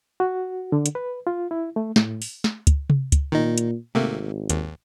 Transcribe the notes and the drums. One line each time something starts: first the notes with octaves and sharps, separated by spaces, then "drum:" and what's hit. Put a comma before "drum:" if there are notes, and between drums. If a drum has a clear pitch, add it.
F#4
D3
drum: hi-hat
B4
F4
E4
A3
A2, drum: snare
drum: open hi-hat
drum: snare
drum: kick, hi-hat
drum: tom C3
drum: kick, hi-hat
A#2 D#3 D#4
drum: hi-hat
G#1 C3 A3 A#3
D#2, drum: hi-hat